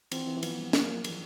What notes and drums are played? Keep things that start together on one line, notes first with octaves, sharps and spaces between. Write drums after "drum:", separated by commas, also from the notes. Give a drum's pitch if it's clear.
E3 C4, drum: cymbal
E3
E3
F3 B3, drum: cymbal
G3
F#3 A#3, drum: snare
F3
E3, drum: cymbal